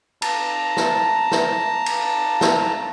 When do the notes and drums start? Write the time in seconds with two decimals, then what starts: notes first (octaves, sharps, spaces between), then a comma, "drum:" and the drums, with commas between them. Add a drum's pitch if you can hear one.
0.22 A5 A#5, drum: cymbal
0.77 drum: snare
1.31 drum: snare
1.86 drum: cymbal
2.41 drum: snare